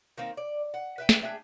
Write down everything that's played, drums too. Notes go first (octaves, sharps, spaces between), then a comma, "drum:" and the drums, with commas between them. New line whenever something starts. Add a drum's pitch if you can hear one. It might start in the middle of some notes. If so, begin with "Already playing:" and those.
D#3 A#3 C4
D5
F#5
B4 E5 G5
drum: snare
D4 G#4 E5 G5